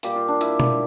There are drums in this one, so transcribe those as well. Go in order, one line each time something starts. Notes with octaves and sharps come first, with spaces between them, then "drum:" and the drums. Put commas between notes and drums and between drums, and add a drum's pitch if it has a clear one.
A#2 G3 G4, drum: hi-hat
F4
D4
E4, drum: hi-hat
drum: tom B2